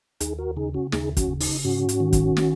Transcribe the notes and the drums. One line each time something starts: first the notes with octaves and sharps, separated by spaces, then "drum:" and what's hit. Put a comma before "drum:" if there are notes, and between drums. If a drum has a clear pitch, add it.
D#2 D#4 G#4, drum: hi-hat
F#4 A#4
C#3 D#4 G#4
C#4 F#4
D#2 D#4 G#4, drum: snare
C#4 F#4, drum: kick, hi-hat
C#3
D#4, drum: open hi-hat
G#2 C#4 F#4
drum: hi-hat
D#3
drum: kick, hi-hat
drum: snare